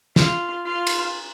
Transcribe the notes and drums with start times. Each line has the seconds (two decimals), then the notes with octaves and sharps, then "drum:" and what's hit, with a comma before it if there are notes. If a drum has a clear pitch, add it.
0.16 F4, drum: snare
0.66 F4
0.87 drum: cymbal